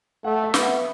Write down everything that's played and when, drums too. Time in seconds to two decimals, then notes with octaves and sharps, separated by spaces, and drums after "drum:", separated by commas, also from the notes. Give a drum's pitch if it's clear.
0.24 A3 F#5
0.44 E5
0.54 B3, drum: snare
0.63 F#5